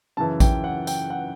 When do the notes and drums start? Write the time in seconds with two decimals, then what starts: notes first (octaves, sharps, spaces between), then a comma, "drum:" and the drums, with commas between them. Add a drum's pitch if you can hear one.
0.17 F#2 C#3 E3 A5
0.40 G5, drum: kick A1, tambourine
0.64 F#5
0.87 G5, drum: tambourine
1.10 F#5